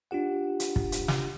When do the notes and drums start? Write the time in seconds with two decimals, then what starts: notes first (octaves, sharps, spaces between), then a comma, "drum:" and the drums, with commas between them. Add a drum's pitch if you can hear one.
0.11 D4 F4 G4 F#5
0.60 drum: hi-hat
0.76 drum: kick
0.92 drum: hi-hat
1.08 drum: snare